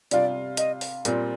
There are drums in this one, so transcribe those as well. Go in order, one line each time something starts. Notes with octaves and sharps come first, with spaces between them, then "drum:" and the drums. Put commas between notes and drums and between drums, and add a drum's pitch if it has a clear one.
C3 G3 D4 F4 D5, drum: hi-hat
D#5, drum: hi-hat
drum: open hi-hat
A#2 G3 C4, drum: hi-hat